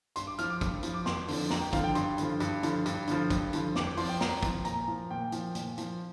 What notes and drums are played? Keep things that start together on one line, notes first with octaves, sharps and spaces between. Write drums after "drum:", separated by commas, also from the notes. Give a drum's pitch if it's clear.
G2 C6, drum: hi-hat
D6
F3 F6, drum: hi-hat
D6
G2, drum: kick, hi-hat
F3, drum: hi-hat
D6
F2 C6, drum: snare
D3 F3, drum: open hi-hat
F2 A#5, drum: snare
G5
D3 F3 F5, drum: kick, hi-hat
G5
G2 C6, drum: hi-hat
D3 F3, drum: hi-hat
G2, drum: hi-hat
D3 F3, drum: hi-hat
G2, drum: hi-hat
D3 F3, drum: hi-hat
G2, drum: kick, hi-hat
D3 F3, drum: hi-hat
F2 D6, drum: snare
D6
F3 C6, drum: open hi-hat
G5
F2 A#5, drum: snare
F3, drum: kick, hi-hat
A#2 A#5, drum: hi-hat
F3
A#2 G5
F3, drum: hi-hat
A#2, drum: hi-hat
F3, drum: hi-hat